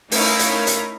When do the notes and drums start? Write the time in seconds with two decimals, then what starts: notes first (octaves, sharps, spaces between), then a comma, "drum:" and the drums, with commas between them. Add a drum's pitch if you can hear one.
0.12 A3 C#4 D#4 E4 A#4 F5, drum: open hi-hat
0.39 drum: hi-hat
0.67 drum: hi-hat